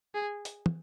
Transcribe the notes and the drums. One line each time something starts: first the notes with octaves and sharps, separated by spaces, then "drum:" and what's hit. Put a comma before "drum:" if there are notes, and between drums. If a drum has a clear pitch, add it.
G#4
drum: hi-hat
drum: tom